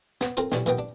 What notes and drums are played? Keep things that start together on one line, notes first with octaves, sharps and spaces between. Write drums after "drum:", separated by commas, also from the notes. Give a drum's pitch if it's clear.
B3, drum: snare
C4 F4 A4 A#4 C5, drum: hi-hat
B1 B2 E3 G3 C#4, drum: snare
D#2 B2 E3 A#3 B3 G5, drum: hi-hat
D4